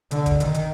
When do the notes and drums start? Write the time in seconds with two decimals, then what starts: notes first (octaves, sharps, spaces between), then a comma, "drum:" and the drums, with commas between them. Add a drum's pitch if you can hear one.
0.11 D3, drum: hi-hat
0.26 drum: kick, hi-hat
0.40 D#3, drum: hi-hat
0.54 drum: hi-hat